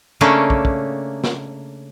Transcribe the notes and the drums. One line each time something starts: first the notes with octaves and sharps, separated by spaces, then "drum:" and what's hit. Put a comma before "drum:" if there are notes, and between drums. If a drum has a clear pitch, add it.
C#3 A3 A#3 C#4 D4
drum: kick
drum: kick
drum: snare